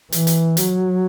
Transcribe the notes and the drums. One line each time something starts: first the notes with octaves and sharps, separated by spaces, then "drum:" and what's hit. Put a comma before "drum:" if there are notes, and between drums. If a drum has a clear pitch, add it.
E3, drum: hi-hat
drum: hi-hat
F#3, drum: hi-hat